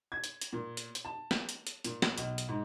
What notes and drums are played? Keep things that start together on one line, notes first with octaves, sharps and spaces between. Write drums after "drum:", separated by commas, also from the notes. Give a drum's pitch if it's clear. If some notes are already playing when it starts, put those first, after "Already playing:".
G#6
drum: hi-hat
drum: hi-hat
A#2
drum: hi-hat
drum: hi-hat
A5
drum: snare
drum: hi-hat
drum: hi-hat
A#2, drum: hi-hat
drum: snare
B1, drum: hi-hat
drum: hi-hat
G#2